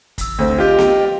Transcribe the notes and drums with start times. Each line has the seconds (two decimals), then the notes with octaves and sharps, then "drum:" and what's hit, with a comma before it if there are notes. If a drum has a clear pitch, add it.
0.18 A1 E6, drum: kick, hi-hat
0.38 D2 C4
0.58 F4 G4 D#5 G5
0.79 drum: snare B3